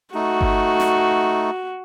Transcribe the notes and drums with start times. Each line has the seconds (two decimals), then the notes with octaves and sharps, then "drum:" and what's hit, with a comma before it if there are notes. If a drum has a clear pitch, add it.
0.14 A3 D#4 F#4
0.41 drum: kick G1
0.80 drum: snare